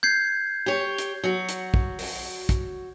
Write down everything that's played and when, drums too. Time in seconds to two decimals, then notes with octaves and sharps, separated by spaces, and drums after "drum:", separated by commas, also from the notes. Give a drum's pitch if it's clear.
0.03 G6 G#6 C7
0.66 G4 C#5
0.98 drum: hi-hat
1.24 F#3 F#4
1.49 drum: hi-hat
1.74 drum: kick
1.99 drum: open hi-hat
2.49 drum: kick, hi-hat